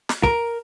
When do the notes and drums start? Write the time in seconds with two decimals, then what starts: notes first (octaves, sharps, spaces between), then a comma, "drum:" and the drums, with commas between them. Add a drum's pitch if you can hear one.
0.09 drum: snare
0.23 A#4, drum: kick